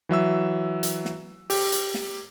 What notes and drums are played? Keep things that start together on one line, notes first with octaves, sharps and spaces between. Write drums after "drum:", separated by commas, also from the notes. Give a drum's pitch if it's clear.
E3 F#3 E5 E6
drum: hi-hat
drum: snare
G4, drum: open hi-hat
drum: hi-hat
drum: snare